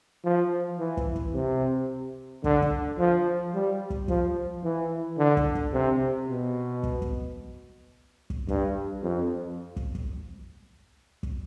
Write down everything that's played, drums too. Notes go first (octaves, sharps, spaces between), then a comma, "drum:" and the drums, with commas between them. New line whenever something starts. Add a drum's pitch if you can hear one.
F3
E3
drum: kick
drum: kick
C3
D3, drum: kick
drum: kick
F3
G3
drum: kick
F3, drum: kick
E3
D3
drum: kick
drum: kick
C3
B2
drum: kick
drum: kick
drum: kick
G2, drum: kick
F2
drum: kick
drum: kick
drum: kick